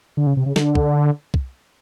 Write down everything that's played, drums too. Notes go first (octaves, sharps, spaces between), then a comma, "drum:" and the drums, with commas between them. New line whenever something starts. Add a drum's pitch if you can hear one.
D3
C#3
C3
C#3
D3, drum: snare
drum: kick
drum: kick